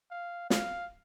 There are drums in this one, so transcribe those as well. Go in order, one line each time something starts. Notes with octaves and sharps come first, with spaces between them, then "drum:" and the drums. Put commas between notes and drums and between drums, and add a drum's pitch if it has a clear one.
F5
F5, drum: snare